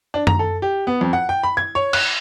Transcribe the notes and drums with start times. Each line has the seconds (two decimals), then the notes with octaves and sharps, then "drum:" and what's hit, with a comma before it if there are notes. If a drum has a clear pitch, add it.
0.14 D4
0.27 A#5, drum: tom F#2
0.39 A4
0.62 G4
0.87 B3
1.01 F2
1.13 F#5
1.29 G5
1.43 B5
1.57 G#6
1.75 C#5
1.93 F#6, drum: cymbal